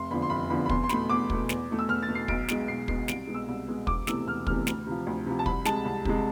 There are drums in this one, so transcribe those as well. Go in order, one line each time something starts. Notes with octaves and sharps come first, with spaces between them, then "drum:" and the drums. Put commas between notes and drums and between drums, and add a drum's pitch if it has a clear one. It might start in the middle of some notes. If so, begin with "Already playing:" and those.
Already playing: F1 C6
E2 D3 F3 B5
C6
F1 B5
E2 D3 F3 B5
B5
E2 C6, drum: kick
C6
B2 A3 B5, drum: snare
E2 D6
B2 A3, drum: kick
E2, drum: snare
B2 A3
E6
E2 F6
A6
B2 A3
C7
B1 D7, drum: kick
B2 G#3 D7, drum: snare
B1 C7
B2 G#3 C7, drum: kick
C2 D7, drum: snare
B2 G#3
E6
C2
B2 G#3
E1 D6, drum: kick
E2 C3 E3 A3 E6, drum: snare
E1 F6
E2 C3 E3 A3 F6, drum: kick
D2, drum: snare
C3 F3
D2
C3 F3
A5
C2 B5, drum: kick
C3 G#3 A5, drum: snare
C2
C3 G#3, drum: kick